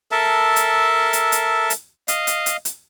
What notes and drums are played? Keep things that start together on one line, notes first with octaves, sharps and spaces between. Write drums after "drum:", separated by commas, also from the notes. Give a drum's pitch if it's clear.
A4 A#4 E5 A5
drum: hi-hat
drum: hi-hat
drum: hi-hat
drum: hi-hat
D#5 F5, drum: hi-hat
drum: hi-hat
drum: hi-hat
drum: hi-hat